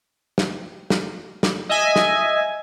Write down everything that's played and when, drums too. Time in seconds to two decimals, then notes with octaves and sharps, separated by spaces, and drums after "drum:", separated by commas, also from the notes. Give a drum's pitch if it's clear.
0.38 drum: snare
0.90 drum: snare
1.43 drum: snare
1.69 D#5 E5 G#5
1.96 drum: snare